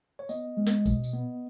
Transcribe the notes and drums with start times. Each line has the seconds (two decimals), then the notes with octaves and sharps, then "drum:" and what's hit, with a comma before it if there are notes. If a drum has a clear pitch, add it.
0.19 C#5
0.29 B3 D#5, drum: tambourine
0.57 G#3
0.67 drum: snare
0.86 B2, drum: kick, tambourine
1.04 drum: tambourine
1.13 B3